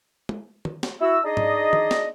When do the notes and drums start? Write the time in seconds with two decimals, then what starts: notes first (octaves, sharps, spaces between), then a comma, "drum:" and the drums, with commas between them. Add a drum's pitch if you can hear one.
0.29 drum: tom
0.65 drum: tom
0.83 drum: snare
1.01 E4 F#4 E6
1.24 D4 D#4 G#4 D5 D#5
1.37 drum: tom G#2
1.73 drum: tom
1.91 drum: snare